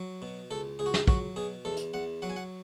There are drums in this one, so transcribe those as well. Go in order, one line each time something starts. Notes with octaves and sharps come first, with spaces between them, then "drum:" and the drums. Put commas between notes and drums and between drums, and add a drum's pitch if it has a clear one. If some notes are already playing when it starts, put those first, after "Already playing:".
Already playing: F#3
B2
C#2 A4
C#2 G#4
F#4
G#4, drum: snare
F#3 F#4, drum: kick
B2 G#4
E2 A4
drum: hi-hat
E2 F#5
F#3 F#5
G#5
F#5